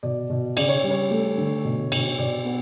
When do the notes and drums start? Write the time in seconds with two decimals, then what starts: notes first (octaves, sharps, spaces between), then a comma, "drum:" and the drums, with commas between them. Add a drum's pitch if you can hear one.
0.03 B2 D5
0.30 B2
0.57 C#3 D5, drum: cymbal
0.69 C#5
0.84 G3
0.91 C#5
1.11 A3
1.38 D3
1.65 B2
1.92 B2, drum: cymbal
2.18 B2 D5
2.45 B3